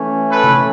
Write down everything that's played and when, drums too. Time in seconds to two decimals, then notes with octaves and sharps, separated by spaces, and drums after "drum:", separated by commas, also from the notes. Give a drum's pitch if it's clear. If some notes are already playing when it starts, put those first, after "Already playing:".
Already playing: E3 A3 C#4
0.31 A4 B4
0.44 drum: tom C3